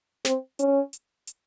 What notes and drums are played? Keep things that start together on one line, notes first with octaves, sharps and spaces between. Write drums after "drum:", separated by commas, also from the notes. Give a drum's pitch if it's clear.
C4, drum: snare
C#4, drum: hi-hat
drum: hi-hat
drum: hi-hat